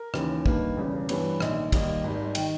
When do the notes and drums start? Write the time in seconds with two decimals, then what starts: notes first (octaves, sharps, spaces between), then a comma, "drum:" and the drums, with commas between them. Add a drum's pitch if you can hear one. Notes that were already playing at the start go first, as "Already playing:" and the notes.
Already playing: A#4
0.14 D#2 C#3 E3, drum: rim click
0.46 G2 D#3 A#3 B4, drum: kick
0.77 E1 E2 C#3 G3
1.09 G2 E3 G3 B3 C#5, drum: cymbal
1.40 A#1 G#2 D#3, drum: rim click
1.72 D#2 D#3 G3 A#3 D#5, drum: kick, cymbal
2.04 G#1 G#2 G3
2.35 D#3 G5, drum: cymbal